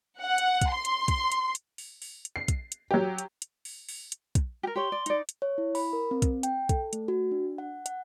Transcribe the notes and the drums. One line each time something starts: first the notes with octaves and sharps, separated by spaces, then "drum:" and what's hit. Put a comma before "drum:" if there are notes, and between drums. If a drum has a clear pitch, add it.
F#5
drum: hi-hat
drum: kick, hi-hat
C6
drum: hi-hat
drum: kick, hi-hat
drum: hi-hat
drum: hi-hat
drum: open hi-hat
drum: open hi-hat
drum: hi-hat
C7
drum: kick, hi-hat
drum: hi-hat
F#3 G4
drum: hi-hat
drum: hi-hat
drum: open hi-hat
drum: open hi-hat
drum: hi-hat
drum: kick, hi-hat
G4 A#4
G4 C#5 C6
D5
D#4 D5, drum: hi-hat
drum: hi-hat
C#5
E4
B5, drum: open hi-hat
A#4
C4
drum: kick, hi-hat
G5, drum: hi-hat
A4, drum: kick, hi-hat
A3, drum: hi-hat
F#4
D4
F#5
F#5, drum: hi-hat